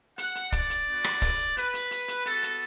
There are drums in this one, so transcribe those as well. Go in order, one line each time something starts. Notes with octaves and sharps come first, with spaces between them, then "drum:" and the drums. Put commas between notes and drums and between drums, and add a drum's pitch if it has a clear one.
F#5, drum: hi-hat
drum: hi-hat
D5, drum: kick, hi-hat
drum: hi-hat
B3 D4 F#4
drum: rim click
drum: kick, open hi-hat
B4, drum: hi-hat
drum: hi-hat
drum: hi-hat
drum: hi-hat
B3 F#4 A4, drum: hi-hat
drum: hi-hat